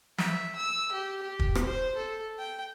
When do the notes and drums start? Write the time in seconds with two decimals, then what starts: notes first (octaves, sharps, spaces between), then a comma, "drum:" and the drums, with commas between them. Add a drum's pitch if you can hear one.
0.18 E5, drum: snare
0.56 E6
0.92 G4
1.23 G4
1.39 drum: kick
1.55 drum: rim click
1.65 C5
1.97 A4
2.39 G5